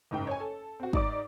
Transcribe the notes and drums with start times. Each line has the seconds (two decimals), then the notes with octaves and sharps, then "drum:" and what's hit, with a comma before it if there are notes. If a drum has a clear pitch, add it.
0.11 F#1 G#2 G5
0.27 C#5 G#5
0.40 A4
0.80 C4 F#4
0.93 G#2 D5 D6, drum: kick